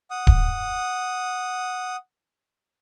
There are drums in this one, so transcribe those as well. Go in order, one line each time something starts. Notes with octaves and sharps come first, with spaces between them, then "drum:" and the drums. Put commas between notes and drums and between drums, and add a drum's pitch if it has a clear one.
F#5 D#6
drum: kick D1